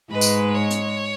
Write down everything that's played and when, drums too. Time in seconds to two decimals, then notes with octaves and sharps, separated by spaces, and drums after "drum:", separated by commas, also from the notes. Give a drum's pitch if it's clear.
0.11 G#2 G#3 B4
0.21 drum: tambourine
0.55 C#5
0.71 drum: hi-hat